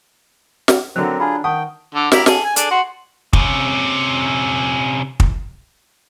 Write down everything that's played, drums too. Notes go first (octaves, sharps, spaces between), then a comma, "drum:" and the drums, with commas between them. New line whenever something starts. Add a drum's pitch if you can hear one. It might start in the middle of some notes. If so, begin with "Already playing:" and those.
drum: snare
D3 F#3 C4 A#4 F#6
D4 F4 G#4 G#5 A#5 B5
D#3 F#5 G5 A5 C#6 D#6
D3
E4 G4 A#4, drum: snare
G#4 A4, drum: snare
G#5
D4 G#4 A4, drum: hi-hat
F#4 F#5 C6
C3 C#4, drum: kick
drum: kick